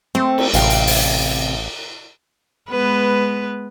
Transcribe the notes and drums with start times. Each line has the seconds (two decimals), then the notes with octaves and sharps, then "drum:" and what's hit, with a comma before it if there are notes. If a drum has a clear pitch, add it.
0.15 A3 C4
0.38 drum: cymbal
0.54 A1 C3 F5 G5, drum: hi-hat
0.70 drum: hi-hat
0.87 drum: open hi-hat
2.69 G#3 B3 B4